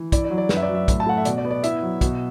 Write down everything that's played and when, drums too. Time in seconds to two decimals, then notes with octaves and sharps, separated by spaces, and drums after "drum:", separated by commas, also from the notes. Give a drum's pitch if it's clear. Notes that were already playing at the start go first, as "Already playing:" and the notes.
Already playing: E3
0.12 E4 D5, drum: kick, hi-hat
0.25 D5
0.30 F#3
0.38 D5
0.49 F#2 B4, drum: snare
0.57 E5
0.62 D5
0.69 F#3
0.75 E5
0.88 A2, drum: kick, hi-hat
1.00 A5
1.07 A3 F#5
1.17 E5
1.25 B2 D5, drum: hi-hat
1.38 D5
1.45 B3
1.51 D5
1.64 E4 E5, drum: hi-hat
1.83 F#3
2.01 B2, drum: kick, hi-hat